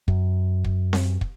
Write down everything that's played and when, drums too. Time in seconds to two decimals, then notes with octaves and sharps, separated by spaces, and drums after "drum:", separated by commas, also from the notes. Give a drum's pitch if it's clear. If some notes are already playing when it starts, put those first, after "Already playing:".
0.08 F#2, drum: kick
0.64 drum: kick
0.93 drum: snare C4
1.21 drum: kick